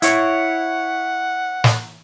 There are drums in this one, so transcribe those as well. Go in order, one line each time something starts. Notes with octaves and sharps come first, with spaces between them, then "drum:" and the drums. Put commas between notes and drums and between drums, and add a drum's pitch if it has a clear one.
E4 C#5 F#5, drum: hi-hat
drum: snare